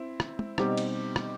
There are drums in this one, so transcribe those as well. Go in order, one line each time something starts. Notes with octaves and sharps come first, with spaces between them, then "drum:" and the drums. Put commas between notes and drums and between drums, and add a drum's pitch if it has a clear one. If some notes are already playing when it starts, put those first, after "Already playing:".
Already playing: C4 E4
drum: rim click
drum: tom G#3
B2 G3 C4 D#4 G4, drum: rim click
drum: cymbal
drum: rim click